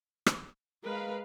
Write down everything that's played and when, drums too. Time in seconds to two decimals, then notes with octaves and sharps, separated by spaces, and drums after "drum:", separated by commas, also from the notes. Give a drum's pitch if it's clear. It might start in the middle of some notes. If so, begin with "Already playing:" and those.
0.26 drum: rim click
0.84 G#3 A#4 B4 F5